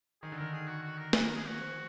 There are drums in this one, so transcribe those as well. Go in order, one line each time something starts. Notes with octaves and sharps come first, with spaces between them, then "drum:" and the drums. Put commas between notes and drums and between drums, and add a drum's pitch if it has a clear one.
D#3 G#4
D3
D#3 A#4
G#4
F#4
F#4
A#4
B4, drum: snare
A#4
G#4
F#4
F3